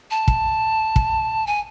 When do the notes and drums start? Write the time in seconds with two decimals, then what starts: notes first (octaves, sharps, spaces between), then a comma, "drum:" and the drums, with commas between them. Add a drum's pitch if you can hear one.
0.11 A5
0.28 drum: kick
0.96 drum: kick
1.47 G#5